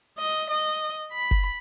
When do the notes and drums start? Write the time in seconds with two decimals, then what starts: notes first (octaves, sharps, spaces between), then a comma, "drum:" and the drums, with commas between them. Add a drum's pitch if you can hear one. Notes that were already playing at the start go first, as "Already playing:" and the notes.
0.18 D#5
0.50 D#5
1.12 B5
1.31 drum: kick F#1